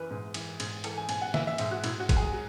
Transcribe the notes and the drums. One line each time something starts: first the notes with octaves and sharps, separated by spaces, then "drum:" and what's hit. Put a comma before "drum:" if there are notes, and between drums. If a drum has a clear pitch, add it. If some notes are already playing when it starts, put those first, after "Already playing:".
Already playing: F#2 E3 B4
G#2
E3, drum: cymbal
G#2, drum: cymbal
E3 A4, drum: cymbal
G#5
G#2 G#5, drum: cymbal
F#5
E3 E5, drum: snare
E5
G#2 E5, drum: cymbal
F#4
G#2 E4, drum: cymbal
F#4
G#2, drum: kick, cymbal
G#4
F#3